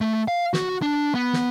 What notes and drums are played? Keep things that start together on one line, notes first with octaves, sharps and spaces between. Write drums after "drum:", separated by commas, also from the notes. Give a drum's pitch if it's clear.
A3
F5
F#4, drum: snare
D4
B3
drum: snare